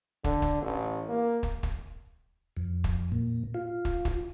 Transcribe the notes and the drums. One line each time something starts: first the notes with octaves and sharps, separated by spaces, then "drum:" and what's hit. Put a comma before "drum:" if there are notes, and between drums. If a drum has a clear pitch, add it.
D3, drum: kick
drum: kick
A1
A#3
drum: kick
drum: kick
F2
drum: kick
A#2
F4
drum: kick
drum: kick